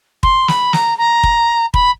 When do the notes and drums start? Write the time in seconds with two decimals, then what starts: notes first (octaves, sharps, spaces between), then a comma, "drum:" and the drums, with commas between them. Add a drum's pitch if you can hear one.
0.23 C6, drum: kick
0.48 B5, drum: snare
0.73 A#5, drum: snare
0.98 A#5
1.23 drum: kick
1.74 B5, drum: kick